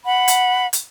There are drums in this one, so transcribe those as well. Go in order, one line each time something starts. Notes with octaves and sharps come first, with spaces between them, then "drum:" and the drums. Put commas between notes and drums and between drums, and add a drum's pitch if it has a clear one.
F#5 B5
drum: hi-hat
drum: hi-hat